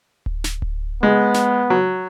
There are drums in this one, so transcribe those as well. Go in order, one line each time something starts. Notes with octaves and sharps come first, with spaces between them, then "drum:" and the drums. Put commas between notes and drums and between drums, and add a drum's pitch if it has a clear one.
drum: kick D1
drum: snare
drum: kick D1
G#3 B3
drum: snare
F#3